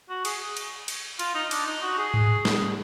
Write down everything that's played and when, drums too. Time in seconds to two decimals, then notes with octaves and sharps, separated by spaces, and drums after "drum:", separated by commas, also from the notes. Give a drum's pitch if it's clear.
0.10 F#4
0.25 G#4, drum: cymbal
0.57 drum: cymbal
0.88 drum: cymbal
1.19 F4, drum: cymbal
1.35 D#4
1.51 D4, drum: cymbal
1.67 D#4
1.82 F#4
1.98 G#4
2.14 drum: tom G#2
2.45 drum: snare